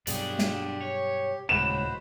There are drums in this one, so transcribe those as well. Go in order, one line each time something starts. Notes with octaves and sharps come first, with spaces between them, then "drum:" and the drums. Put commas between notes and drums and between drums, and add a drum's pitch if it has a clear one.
G2 B2 F#3 D4 G4 G#4, drum: hi-hat
drum: snare
C#5
D#1 C#2 A2 F#4 B4 C5 E7